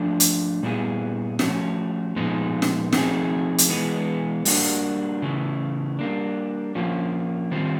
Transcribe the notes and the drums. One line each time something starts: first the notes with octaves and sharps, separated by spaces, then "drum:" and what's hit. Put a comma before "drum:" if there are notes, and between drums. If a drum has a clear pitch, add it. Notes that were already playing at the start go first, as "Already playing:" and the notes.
Already playing: F3 A3 D4
drum: hi-hat
A#2 G3 B3 E4 G#4
F3 A3 C#4 F#4, drum: snare
A#2 F3 G#3 B3 D#4
drum: snare
F3 A3 C4 D#4 G#4, drum: snare
drum: hi-hat
E3 G#3 B3
G3 A#3 D4 F#4, drum: open hi-hat
C#3 E3 A3
G3 A#3 D4
F3 A#3 C#4 F4
D#3 G3 C4 F4